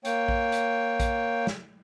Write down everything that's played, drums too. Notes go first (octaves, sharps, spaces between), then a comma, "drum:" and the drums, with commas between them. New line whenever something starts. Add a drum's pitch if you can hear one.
A#3 C#5 G5, drum: hi-hat
drum: kick A#1
drum: hi-hat
drum: kick A#1, hi-hat
drum: snare